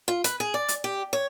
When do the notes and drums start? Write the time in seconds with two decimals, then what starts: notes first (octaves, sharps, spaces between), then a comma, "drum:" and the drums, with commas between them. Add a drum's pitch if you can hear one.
0.08 F4
0.24 B4, drum: hi-hat
0.40 G#4
0.54 D5
0.68 drum: hi-hat
0.84 G4
1.13 C#5